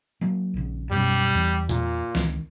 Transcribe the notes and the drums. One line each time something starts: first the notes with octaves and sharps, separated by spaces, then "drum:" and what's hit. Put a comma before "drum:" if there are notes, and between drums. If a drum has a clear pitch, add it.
F#3 A#3
A#1 C#3
F#2 B2 G3 C#4
E2
A#2, drum: tom A#2
C#2 D#3, drum: snare